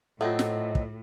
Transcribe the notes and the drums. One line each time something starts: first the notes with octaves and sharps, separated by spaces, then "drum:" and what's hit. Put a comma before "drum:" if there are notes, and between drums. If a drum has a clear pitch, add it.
A2 F#3 A3 C4 F4 A4 D#5
drum: snare
drum: kick